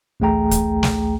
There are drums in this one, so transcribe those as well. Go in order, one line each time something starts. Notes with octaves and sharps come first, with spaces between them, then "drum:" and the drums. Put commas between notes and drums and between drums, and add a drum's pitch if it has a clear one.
A1 D2 A3 G#4 G5 A#5
drum: kick, hi-hat
drum: snare